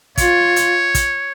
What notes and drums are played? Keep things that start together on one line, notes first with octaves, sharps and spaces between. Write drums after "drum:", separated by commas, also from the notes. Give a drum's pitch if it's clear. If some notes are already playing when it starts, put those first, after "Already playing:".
F4 C#5, drum: kick, hi-hat
drum: hi-hat
drum: kick, hi-hat